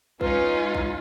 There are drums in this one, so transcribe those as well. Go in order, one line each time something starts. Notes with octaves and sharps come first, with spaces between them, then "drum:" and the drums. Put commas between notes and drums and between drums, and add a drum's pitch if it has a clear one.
G#3 C#4 D#4 F4 B4, drum: kick A#1
drum: kick A#1